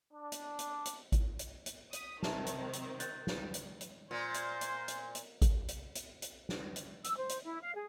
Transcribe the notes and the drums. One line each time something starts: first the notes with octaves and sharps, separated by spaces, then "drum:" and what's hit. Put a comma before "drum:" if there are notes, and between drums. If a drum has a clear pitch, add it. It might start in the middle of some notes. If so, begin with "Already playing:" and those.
D4
drum: hi-hat
drum: hi-hat
drum: hi-hat
drum: kick G#1, hi-hat
drum: hi-hat
drum: hi-hat
D#6 B6, drum: hi-hat
C3 D#3 C4 E5 A5, drum: snare
drum: hi-hat
C5
drum: hi-hat
F#6 G6 A6, drum: hi-hat
drum: snare
drum: hi-hat
drum: hi-hat
A#2 C5
drum: hi-hat
drum: hi-hat
drum: hi-hat
drum: hi-hat
drum: kick G#1, hi-hat
drum: hi-hat
drum: hi-hat
drum: hi-hat
drum: snare
drum: hi-hat
E6, drum: hi-hat
C5
drum: hi-hat
E4
F5
G#4